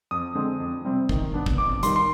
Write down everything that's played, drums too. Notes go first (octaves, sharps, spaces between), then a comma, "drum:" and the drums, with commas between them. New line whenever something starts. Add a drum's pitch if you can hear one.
F2 D#6
D3 G#3 C4
F2
C3 G3 C4
D#3, drum: kick
B3 D4
drum: kick
F2 D6
D#3 G3 C6, drum: hi-hat
C6